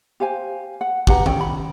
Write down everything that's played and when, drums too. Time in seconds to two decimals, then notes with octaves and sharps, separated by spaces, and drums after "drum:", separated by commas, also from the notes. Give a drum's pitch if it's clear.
0.20 G4 C5 F5 G#5
0.81 F#5
1.07 G4 B4 F#5 A#5, drum: kick
1.26 C#4 G5, drum: tom D#3
1.40 B5